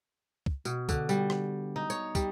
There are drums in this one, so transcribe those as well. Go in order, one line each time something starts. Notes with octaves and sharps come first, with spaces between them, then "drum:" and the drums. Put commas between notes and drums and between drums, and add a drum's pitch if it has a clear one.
drum: kick
B2, drum: tambourine
D3, drum: kick, tambourine
G3, drum: tambourine
drum: rim click
D#4
C#5, drum: tambourine
G3, drum: kick, tambourine